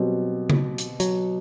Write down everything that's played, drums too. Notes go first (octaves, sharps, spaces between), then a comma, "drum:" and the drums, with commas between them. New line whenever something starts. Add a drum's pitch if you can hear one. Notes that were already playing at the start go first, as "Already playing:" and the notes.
Already playing: B2 F#3 G3 C4
drum: tom C#3
drum: hi-hat
F#3, drum: hi-hat